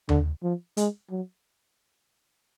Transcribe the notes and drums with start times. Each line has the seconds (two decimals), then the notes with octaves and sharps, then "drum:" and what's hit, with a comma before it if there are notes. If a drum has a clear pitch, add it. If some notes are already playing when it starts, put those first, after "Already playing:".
0.09 D3, drum: tom D#2
0.43 F3
0.77 G#3, drum: hi-hat
1.10 F#3